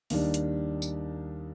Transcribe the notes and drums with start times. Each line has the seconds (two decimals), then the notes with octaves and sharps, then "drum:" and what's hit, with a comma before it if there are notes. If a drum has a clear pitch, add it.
0.10 D#2 D#3 G3 D4, drum: open hi-hat
0.34 drum: hi-hat
0.82 drum: tambourine